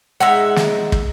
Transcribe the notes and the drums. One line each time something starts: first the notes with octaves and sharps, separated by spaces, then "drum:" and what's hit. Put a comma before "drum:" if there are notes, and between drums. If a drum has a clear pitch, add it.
G#3 D#4 E5 F#5
drum: snare
drum: kick